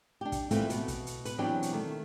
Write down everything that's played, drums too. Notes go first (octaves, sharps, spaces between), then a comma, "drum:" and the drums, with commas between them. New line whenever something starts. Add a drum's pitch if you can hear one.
D4 G4
drum: kick, hi-hat
E3 G3 A3 A#3 C4 F4, drum: hi-hat
B2, drum: hi-hat
drum: kick, hi-hat
drum: hi-hat
B4, drum: hi-hat
B2 E3 F#3 C4 D4 G4
drum: hi-hat
D#3 A3